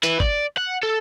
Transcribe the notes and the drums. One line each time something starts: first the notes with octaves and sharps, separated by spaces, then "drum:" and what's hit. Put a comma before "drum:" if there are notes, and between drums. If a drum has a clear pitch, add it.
E4 B4, drum: hi-hat
D5, drum: kick
F#5
A4